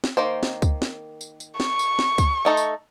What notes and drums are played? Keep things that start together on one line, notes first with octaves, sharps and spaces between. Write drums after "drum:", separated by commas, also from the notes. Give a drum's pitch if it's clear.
drum: snare
D#3 A#3 C5
drum: snare
drum: kick C#2, tambourine
drum: snare
drum: tambourine
drum: tambourine
C#6, drum: snare
drum: tambourine
drum: snare
drum: kick C#2, tambourine
A3 D#4 A4
drum: tambourine